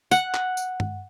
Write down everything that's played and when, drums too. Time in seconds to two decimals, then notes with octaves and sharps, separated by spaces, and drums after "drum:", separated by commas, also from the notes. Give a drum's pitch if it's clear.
0.11 F#5, drum: tambourine
0.34 drum: clap
0.57 drum: tambourine
0.80 drum: tom G2